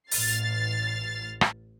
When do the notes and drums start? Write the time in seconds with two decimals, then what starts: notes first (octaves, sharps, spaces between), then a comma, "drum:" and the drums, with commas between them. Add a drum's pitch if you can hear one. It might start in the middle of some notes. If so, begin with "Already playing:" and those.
0.11 A1 F6 A6 C7, drum: open hi-hat
1.41 drum: rim click